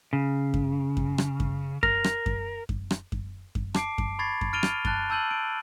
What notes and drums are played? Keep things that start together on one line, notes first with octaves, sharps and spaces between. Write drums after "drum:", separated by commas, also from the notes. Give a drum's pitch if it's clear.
C#3
drum: kick F#2
drum: kick F#2
drum: rim click
drum: kick F#2
A#4, drum: kick F#2
drum: rim click
drum: kick F#2
drum: kick F#2
drum: rim click
drum: kick F#2
drum: kick F#2
A5 D6 C7 D7, drum: rim click
drum: kick F#2
B5 C#6 G#6 A6 C7
drum: kick F#2
F6 A6 D7 D#7 F7 G7
drum: rim click
A5 F#6 A6 G7, drum: kick F#2
A5 E6 G6 D#7 F#7
D7